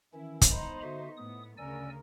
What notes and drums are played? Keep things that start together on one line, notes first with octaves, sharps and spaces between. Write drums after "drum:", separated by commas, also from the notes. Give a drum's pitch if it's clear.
D#3 E3 C#4 E4
drum: kick, hi-hat
B3 D#4 C5 A#5 B5
D3 F#4 E5
A2 B3 D#6
D2 C#3 A#4 D5 G#5 E6